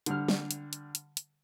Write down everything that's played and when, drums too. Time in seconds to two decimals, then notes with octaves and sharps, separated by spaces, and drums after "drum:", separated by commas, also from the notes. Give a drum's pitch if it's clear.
0.06 D3 G3 F6, drum: hi-hat
0.29 drum: snare
0.51 drum: hi-hat
0.73 drum: hi-hat
0.95 drum: hi-hat
1.17 drum: hi-hat